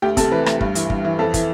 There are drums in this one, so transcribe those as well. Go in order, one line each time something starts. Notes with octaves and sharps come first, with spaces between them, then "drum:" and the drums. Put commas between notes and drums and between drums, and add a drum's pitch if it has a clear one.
D2 G4
C3 A4, drum: kick, hi-hat
E3 B4
D2, drum: rim click
G2, drum: kick
E3, drum: hi-hat
G2, drum: kick
E3
F2 A4
E3, drum: kick, hi-hat